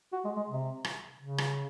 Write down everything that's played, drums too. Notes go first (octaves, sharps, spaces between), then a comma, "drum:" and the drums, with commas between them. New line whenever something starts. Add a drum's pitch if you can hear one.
F#4
G#3
G#3
C3
drum: rim click
C#3
drum: rim click